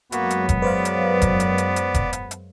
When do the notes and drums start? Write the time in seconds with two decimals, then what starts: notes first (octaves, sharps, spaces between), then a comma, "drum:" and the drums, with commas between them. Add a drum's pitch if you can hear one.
0.12 F#2 F#3 G#3 A#3 B3 F#4, drum: hi-hat
0.30 drum: hi-hat
0.49 drum: kick F1, hi-hat
0.62 B4 C5 D5 F5
0.85 drum: hi-hat
1.22 drum: kick F1, hi-hat
1.40 drum: hi-hat
1.58 drum: hi-hat
1.76 drum: hi-hat
1.94 drum: kick F1, hi-hat
2.13 drum: hi-hat
2.31 drum: hi-hat